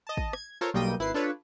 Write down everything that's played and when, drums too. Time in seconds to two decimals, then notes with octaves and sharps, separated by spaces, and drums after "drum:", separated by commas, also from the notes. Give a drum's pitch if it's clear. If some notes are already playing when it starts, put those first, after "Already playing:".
0.07 D#5 A5
0.17 drum: kick
0.33 G#6, drum: rim click
0.61 F4 A4 A#4 C5 C#5
0.74 B1 G3 A#3 D#5 G5 D#7
0.99 G#1 E4 B4 C7
1.14 D4 F4 A4 B4 C#5